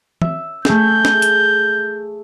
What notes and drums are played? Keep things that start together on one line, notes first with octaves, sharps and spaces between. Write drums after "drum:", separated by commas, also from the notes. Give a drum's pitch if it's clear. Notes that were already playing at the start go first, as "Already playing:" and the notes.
E5, drum: tom E3
A3 G#4 G6, drum: snare
drum: snare
drum: hi-hat